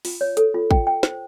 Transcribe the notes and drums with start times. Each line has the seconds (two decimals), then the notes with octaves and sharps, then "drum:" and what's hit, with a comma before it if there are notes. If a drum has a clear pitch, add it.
0.05 F4, drum: open hi-hat
0.21 C#5
0.37 A4, drum: hi-hat
0.54 F4
0.71 G5, drum: kick
0.87 G5
1.03 C5, drum: snare